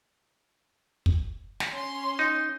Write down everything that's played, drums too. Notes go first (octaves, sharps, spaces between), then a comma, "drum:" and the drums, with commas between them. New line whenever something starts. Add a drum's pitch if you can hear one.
drum: kick
drum: snare
C#4 C6
D#4